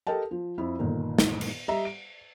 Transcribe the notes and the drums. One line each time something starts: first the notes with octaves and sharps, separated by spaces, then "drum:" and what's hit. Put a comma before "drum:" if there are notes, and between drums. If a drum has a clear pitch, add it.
G4 A4 A#4 D#5 G5 A5
F3
F2 E4
G1 A#2 D#3
drum: snare
drum: cymbal
G3 D#5 E5 A#5
D7